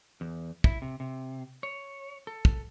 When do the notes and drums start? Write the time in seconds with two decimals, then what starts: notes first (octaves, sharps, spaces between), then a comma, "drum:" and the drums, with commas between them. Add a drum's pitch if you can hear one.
0.21 E2
0.64 E4, drum: kick
0.82 C3
1.00 C3
1.63 C#5
2.27 A4
2.45 drum: kick